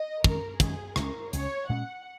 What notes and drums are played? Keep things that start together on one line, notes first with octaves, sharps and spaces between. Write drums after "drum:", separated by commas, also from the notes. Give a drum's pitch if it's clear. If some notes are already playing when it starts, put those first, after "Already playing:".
Already playing: D#5
F#2 D#3 G#3 C#4 A#4, drum: kick
F#2 D#3 G#3 C#4 G#4, drum: kick, hi-hat
C#2 C#3 G#3 C#4 A#4, drum: rim click
C#2 C#3 G#3 C#4 C#5, drum: hi-hat
A#2 G#3 C#4 F#5